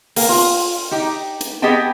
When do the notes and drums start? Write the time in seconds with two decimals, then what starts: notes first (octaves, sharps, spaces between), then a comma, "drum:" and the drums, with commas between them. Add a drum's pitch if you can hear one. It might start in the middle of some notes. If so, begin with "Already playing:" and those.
0.16 A#3, drum: open hi-hat
0.29 F4
0.91 D#4 G4
1.41 drum: hi-hat
1.62 B3 G4 G#4 D#5 G5 A5